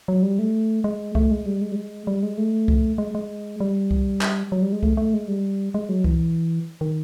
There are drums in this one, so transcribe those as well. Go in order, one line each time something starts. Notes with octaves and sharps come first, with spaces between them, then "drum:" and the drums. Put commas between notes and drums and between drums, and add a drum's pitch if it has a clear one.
F#3
G3
A3
G#3
A3, drum: kick C2
G#3
G3
G#3
G3
G#3
G3
G#3
A3
drum: kick C2
G#3
G#3
G3
drum: kick C2
drum: clap
F#3
G3
G#3
A3, drum: kick C2
A3
G#3
G3
G#3
F#3
E3, drum: kick C2
D#3